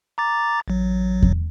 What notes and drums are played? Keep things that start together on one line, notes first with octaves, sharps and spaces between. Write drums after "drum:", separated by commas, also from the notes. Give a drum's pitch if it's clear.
A#5 D6 A6
A1 F#3
drum: kick E2